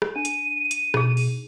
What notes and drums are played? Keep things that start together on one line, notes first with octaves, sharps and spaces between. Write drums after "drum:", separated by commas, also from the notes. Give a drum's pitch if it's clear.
drum: rim click
D4 D#7
drum: hi-hat
drum: hi-hat
B2 D#4 G#4, drum: rim click
drum: open hi-hat